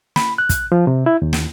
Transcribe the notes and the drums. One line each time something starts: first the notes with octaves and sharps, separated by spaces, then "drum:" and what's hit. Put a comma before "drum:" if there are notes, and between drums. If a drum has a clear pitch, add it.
B5, drum: snare
F#6
drum: kick, hi-hat
F3
C3
E4
D#2
drum: snare